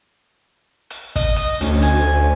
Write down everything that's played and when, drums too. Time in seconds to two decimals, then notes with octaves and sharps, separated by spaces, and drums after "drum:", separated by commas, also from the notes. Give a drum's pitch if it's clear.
0.90 drum: hi-hat
1.16 D#5, drum: kick, hi-hat
1.36 drum: hi-hat
1.61 D2 C#4, drum: hi-hat
1.82 G#5, drum: hi-hat